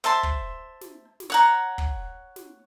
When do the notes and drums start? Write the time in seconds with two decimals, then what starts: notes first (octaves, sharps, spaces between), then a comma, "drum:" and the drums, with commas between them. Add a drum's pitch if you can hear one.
0.04 C5 E5 A5 C6
0.23 drum: kick
0.81 drum: snare
1.20 drum: snare
1.30 C#5 F#5 A#5
1.78 drum: kick
2.36 drum: snare